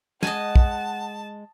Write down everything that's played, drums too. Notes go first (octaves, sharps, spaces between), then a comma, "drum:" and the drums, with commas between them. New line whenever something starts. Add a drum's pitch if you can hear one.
G#3 D#5 F#5 G#5 A5, drum: snare
drum: kick